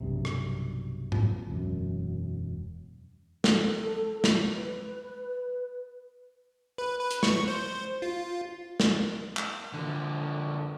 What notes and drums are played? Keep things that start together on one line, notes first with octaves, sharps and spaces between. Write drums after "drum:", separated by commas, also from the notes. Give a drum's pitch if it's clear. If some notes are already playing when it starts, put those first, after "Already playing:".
B1 G2 C3
drum: rim click
drum: tom G#2
E1 F#2
A4, drum: snare
drum: snare
B4
B4
B4
drum: hi-hat
C#6, drum: snare
C5
F4
drum: snare
drum: clap
D3 F3